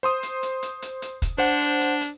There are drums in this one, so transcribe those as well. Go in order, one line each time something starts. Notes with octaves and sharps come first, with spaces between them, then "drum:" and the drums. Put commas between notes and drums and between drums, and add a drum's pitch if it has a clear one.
C5 C6 D#6
drum: hi-hat
drum: hi-hat
drum: hi-hat
drum: hi-hat
drum: hi-hat
drum: kick, hi-hat
D4 C5 F#5
drum: hi-hat
drum: hi-hat
drum: hi-hat